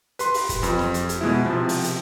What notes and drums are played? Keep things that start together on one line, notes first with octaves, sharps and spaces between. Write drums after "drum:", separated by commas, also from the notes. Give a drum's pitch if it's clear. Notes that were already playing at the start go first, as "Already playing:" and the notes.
B4 C6, drum: hi-hat
drum: open hi-hat
drum: kick, hi-hat
F2, drum: hi-hat
drum: snare
drum: hi-hat
drum: hi-hat
B2 G#3 B3 E4
C3 F3
drum: open hi-hat
drum: hi-hat